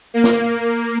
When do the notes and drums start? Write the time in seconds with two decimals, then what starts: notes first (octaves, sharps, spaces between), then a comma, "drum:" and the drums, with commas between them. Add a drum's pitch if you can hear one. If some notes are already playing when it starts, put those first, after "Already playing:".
0.14 A#3
0.24 drum: snare